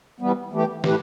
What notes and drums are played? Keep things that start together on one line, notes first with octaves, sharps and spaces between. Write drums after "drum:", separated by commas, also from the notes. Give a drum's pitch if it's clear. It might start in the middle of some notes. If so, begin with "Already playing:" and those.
E3 G3 B3
E3 A3 G4
A2 E3 A3 G4 B4, drum: snare